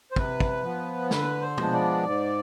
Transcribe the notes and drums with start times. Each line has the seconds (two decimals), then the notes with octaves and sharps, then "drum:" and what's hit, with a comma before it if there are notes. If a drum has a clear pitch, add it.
0.12 C5
0.16 C3 B4, drum: kick
0.40 drum: kick
0.63 F3 B3
1.11 D3 B4, drum: snare
1.41 C5
1.58 F3 G#3 B3 D4, drum: tom
1.73 D5
2.04 G#2